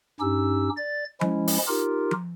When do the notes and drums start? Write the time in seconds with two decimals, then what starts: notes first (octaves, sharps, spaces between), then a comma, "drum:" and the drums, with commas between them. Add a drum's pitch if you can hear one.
0.20 G2 C#4 D#4 G4 E6
0.77 D5 A6
1.21 F3 G#3 C#4 E4, drum: tom F3
1.47 drum: open hi-hat
1.68 D#4 F4 G4 A#4
2.11 drum: tom F3